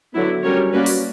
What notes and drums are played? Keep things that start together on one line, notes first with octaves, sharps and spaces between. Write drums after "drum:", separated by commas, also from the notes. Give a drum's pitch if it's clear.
D3 F#3 B3 E4
G3 C#4 F#4 A#4 C#5
A#3 C#4 F#4 B4 D5
drum: open hi-hat